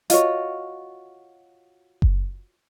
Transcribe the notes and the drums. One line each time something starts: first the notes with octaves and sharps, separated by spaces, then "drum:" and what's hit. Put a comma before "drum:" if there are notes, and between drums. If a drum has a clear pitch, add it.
F4 F#4 C#5 D#5, drum: hi-hat
drum: kick F#1